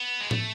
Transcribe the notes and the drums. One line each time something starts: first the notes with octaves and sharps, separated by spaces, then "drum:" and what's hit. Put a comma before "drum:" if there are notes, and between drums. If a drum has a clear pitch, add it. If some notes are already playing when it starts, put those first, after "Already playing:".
Already playing: B3
G#3
A3, drum: tom A2